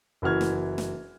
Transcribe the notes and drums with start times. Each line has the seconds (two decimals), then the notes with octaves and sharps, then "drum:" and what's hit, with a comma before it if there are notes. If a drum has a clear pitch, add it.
0.22 F#1 E3 F#4 F6 G#6
0.41 drum: snare
0.78 drum: snare